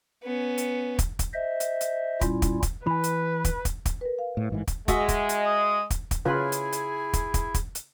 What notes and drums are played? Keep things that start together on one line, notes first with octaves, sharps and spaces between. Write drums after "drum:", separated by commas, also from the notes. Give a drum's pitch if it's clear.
B3 C#4
drum: hi-hat
drum: kick, hi-hat
drum: kick, hi-hat
C5 D#5 E5
drum: hi-hat
drum: hi-hat
A#2 G3 C#4 E4 F4, drum: kick, hi-hat
drum: kick, hi-hat
drum: kick, hi-hat
E3 B4 G#5 B5
drum: hi-hat
drum: kick, hi-hat
drum: kick, hi-hat
drum: kick, hi-hat
A#4 B4
F5
A2
A1 G#2 E3
drum: kick, hi-hat
G#3 F#4 D#5 E5, drum: kick, hi-hat
drum: kick, hi-hat
drum: hi-hat
D#6
drum: kick, hi-hat
drum: kick, hi-hat
C#3 E4 F4 G#4 B4
drum: hi-hat
drum: hi-hat
drum: kick, hi-hat
drum: kick, hi-hat
drum: kick, hi-hat
drum: hi-hat